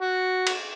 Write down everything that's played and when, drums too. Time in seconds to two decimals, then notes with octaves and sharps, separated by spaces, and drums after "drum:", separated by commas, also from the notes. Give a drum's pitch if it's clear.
0.01 F#4
0.47 drum: cymbal